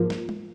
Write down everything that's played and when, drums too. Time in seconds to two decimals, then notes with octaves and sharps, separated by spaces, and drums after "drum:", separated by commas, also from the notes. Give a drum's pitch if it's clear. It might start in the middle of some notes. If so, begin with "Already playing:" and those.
Already playing: G#2 F3 A#3
0.10 drum: snare
0.29 drum: tom G#3